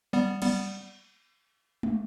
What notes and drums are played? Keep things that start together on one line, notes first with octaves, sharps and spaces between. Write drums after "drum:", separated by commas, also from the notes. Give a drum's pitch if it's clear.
G3 B3
G3 B3, drum: cymbal
drum: tom G#3